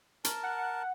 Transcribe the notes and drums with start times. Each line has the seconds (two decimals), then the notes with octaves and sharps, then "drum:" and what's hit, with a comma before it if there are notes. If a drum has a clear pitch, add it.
0.24 A#4 A5, drum: hi-hat
0.43 F#5